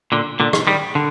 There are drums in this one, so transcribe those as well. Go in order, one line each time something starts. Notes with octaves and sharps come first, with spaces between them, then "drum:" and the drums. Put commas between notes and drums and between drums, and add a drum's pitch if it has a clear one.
A#2 D3
A#2 D3
drum: rim click
D#3 G3
D3